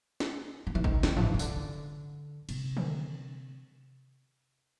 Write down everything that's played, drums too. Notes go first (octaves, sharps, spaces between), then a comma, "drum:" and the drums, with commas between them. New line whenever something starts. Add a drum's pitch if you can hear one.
drum: snare
F3
E3
D#3, drum: kick
D#3, drum: snare
F3, drum: tom G2
E3
C#3
D3, drum: tambourine
C3, drum: cymbal
drum: tom D3